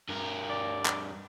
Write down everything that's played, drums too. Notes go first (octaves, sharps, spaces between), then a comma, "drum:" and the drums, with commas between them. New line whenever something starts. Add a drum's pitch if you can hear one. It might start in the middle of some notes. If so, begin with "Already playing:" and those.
G2 A#4
D5
drum: clap